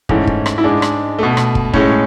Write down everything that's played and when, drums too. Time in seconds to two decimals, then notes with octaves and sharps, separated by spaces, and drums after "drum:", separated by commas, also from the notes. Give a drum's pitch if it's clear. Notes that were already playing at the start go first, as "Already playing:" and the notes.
0.09 G#2 E3 A3 C#4, drum: kick
0.27 drum: kick
0.46 drum: rim click
0.58 E4
0.64 G#2 G#3 D4
0.82 drum: rim click
1.19 B2 A3
1.37 drum: rim click
1.55 drum: kick
1.73 A2 G#3 C#4, drum: kick